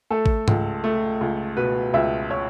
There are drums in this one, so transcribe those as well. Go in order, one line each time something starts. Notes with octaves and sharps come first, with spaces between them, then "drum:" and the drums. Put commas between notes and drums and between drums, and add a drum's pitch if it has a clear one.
A3 A4
drum: kick G#1
C#2, drum: tom G#2
A3
C#2
B2 B4
C#2 E5
C#5